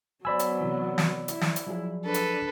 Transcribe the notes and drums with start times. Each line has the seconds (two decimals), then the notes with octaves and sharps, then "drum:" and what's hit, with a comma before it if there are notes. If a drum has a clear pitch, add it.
0.25 F#3 B3 C5 D5 G#5 B5 E6
0.39 drum: hi-hat
0.61 C3 E3
0.98 drum: snare
1.28 E4, drum: hi-hat
1.41 drum: snare
1.56 drum: hi-hat
1.67 F3 F#3 G#4
2.05 D4 A4 B4
2.14 drum: hi-hat